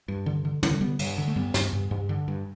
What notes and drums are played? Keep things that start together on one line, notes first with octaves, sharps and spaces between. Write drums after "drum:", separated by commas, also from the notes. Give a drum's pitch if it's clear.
G2
D3
D3
D3, drum: tom
D3 G3 B3
G2, drum: cymbal
D3
A3
G2 G3 B3
G2, drum: snare
G2
G2
D3
G2